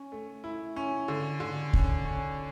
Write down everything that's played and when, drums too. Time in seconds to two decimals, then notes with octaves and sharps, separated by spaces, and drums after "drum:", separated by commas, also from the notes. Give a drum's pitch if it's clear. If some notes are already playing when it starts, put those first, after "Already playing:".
Already playing: C#4
0.12 A3
0.44 E4
0.76 C#4
1.08 D3
1.40 D3
1.73 C#4, drum: kick
2.05 C#4